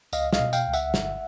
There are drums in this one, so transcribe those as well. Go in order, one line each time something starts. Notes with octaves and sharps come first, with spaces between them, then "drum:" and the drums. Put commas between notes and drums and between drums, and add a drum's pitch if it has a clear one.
C#2 D#5 F5, drum: tambourine
D#5 F5, drum: snare
B2
F5 G5, drum: tambourine
C#2
E5 F#5, drum: tambourine
G1, drum: snare